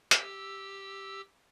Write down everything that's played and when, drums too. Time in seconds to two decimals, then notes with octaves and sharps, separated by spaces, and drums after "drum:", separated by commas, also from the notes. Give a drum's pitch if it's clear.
0.11 G4 E6, drum: hi-hat